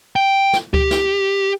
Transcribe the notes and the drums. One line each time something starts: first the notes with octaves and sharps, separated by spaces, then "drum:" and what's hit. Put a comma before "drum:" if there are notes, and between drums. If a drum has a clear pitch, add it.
G5
drum: snare
G4, drum: kick C#2
drum: snare